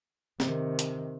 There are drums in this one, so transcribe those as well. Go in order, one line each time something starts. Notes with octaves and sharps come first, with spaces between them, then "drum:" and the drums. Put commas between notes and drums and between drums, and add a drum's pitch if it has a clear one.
C3 D#3, drum: snare
drum: hi-hat